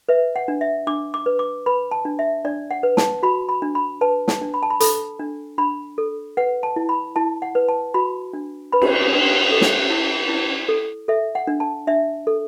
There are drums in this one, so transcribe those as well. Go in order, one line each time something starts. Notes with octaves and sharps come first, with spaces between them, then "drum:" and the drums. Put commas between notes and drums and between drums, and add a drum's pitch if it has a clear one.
B4 E5
F#5
D4
E5
D4 D6
D6
B4
D6
B4 B5
A5
D4
E5
D4 D5
F#5
B4
A5, drum: snare
F#4 B5
B5
D4
B5
B4 A5
A5, drum: snare
D4
B5
A5
B5
A4 B5, drum: hi-hat
D4
D4 B5
A4
B4 F#5
A5
E4
B5
E4 A5
F#5
B4
A5
F#4 B5
D4
B4 B5
drum: cymbal
D4
A4
drum: snare
E4
E4
A4
A4 E5
F#5
D4
A5
D4 E5
A4